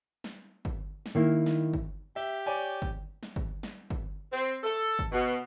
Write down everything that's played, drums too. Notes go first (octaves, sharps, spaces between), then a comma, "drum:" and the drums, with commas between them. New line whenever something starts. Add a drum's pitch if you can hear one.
drum: snare
drum: kick
drum: snare
D#3 A#3 E4
drum: snare
drum: kick
G4 E5
C#5 D5 G#5
drum: kick
drum: snare
drum: kick
drum: snare
drum: kick
C4
A4
drum: kick
B2